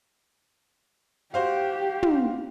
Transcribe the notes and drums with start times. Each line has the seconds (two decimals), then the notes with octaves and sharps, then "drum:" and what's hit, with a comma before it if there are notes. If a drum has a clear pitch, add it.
1.34 F#4 G4 C5 F5
2.03 drum: tom